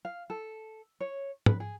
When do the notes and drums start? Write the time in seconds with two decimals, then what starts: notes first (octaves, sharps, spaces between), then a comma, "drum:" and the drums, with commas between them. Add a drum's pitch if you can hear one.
0.05 F5
0.30 A4
1.00 C#5
1.46 B4, drum: tom
1.60 G#4